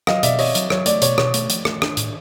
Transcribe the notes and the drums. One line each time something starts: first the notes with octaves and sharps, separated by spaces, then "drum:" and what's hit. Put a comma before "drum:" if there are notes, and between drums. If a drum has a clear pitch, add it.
F#3 D#5 F5, drum: rim click
B2 D5 E5, drum: hi-hat
C4 C#5 D#5, drum: open hi-hat
F#3, drum: hi-hat
F#3 C#5, drum: rim click
A3 D5, drum: hi-hat
B2 C#5, drum: hi-hat
B2 C#5, drum: rim click
A3, drum: hi-hat
F3, drum: hi-hat
A3, drum: rim click
D4, drum: rim click
A2, drum: hi-hat